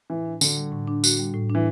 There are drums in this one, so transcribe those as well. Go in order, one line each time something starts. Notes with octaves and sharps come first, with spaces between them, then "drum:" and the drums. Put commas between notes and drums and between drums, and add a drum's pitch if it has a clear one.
A2 E3
D4
D3 F#4, drum: tambourine
G3
A2
D4
F#4, drum: tambourine
G3
A2
D4
E3